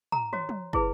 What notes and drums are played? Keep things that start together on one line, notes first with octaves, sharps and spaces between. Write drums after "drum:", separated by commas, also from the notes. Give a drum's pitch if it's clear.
A#5, drum: tom
F#4 C#5, drum: tom
drum: tom
E4 G#4 B4, drum: kick